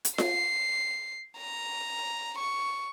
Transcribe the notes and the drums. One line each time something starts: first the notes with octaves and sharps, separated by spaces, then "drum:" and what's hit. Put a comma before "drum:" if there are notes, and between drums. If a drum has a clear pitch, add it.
drum: hi-hat
C7, drum: snare F4
A#5
C#6